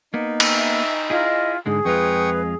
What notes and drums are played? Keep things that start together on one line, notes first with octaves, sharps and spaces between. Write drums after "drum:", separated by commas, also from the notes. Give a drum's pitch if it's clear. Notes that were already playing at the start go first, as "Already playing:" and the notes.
A#3 B3 D#4
drum: cymbal
E5
E4 F4 G#4 D#5
G#2 D3 G#3 G#4
F2 G#3 F4 B4 G5 C#6 D#6